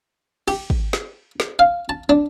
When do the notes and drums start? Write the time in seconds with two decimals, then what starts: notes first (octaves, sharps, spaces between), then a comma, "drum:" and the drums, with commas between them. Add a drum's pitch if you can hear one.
0.48 G4, drum: cymbal
0.70 drum: kick
0.93 drum: snare
1.40 drum: snare
1.59 F5
1.89 A5
2.09 D4